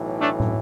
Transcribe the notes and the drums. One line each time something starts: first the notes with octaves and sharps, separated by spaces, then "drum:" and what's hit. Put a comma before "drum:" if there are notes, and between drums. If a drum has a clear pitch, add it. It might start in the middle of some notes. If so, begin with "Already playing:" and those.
Already playing: B1 A2 E3
A3 D4
drum: tom